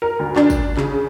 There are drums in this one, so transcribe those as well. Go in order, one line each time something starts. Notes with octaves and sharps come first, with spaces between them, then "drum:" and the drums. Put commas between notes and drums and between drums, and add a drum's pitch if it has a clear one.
A#4
D2
D4, drum: clap
drum: kick, tambourine
C#3, drum: clap